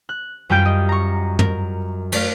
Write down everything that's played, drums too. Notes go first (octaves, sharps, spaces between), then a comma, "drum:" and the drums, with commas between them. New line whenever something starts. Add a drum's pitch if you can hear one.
F#6
F#2 G3 F4 G5 G6 D7
D#5
A#5 C#6
A#4, drum: tom
A3 D5 F5, drum: cymbal